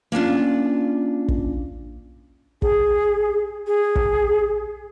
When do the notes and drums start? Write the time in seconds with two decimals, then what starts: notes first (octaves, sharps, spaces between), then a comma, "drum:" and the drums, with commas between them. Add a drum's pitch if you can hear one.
0.12 A#3 C#4 D4 F4
1.28 drum: kick
2.62 G#4, drum: kick
3.67 G#4
3.95 drum: kick